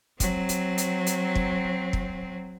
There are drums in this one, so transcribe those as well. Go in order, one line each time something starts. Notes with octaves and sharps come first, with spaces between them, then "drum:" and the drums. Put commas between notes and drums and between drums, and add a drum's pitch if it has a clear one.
F#3 C4, drum: kick, hi-hat
drum: hi-hat
drum: hi-hat
drum: hi-hat
drum: kick
drum: kick